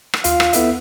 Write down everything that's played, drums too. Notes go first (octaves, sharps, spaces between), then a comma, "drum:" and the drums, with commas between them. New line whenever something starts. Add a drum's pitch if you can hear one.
drum: rim click
D#2 F4 F5, drum: hi-hat
drum: rim click
B3 E4 A4 E5, drum: hi-hat